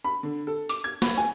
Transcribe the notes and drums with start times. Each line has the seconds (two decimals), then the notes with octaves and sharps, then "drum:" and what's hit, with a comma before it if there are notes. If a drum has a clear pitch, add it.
0.04 B5
0.23 D3
0.47 A4
0.69 D6, drum: hi-hat
0.84 G#6
1.02 B5, drum: snare
1.17 G#5